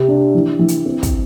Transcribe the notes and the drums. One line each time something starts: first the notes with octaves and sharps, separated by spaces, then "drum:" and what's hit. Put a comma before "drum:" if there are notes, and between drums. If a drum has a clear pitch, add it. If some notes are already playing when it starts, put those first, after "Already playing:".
Already playing: C3 G4
D4
E3
E3
drum: hi-hat
C4
drum: kick, hi-hat